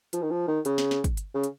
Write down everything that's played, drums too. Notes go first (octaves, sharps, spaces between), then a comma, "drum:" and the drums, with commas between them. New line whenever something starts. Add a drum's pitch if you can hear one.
F3, drum: hi-hat
D#3
F3
D#3
C#3, drum: hi-hat
drum: snare
drum: snare
drum: kick, hi-hat
drum: hi-hat
C#3
drum: hi-hat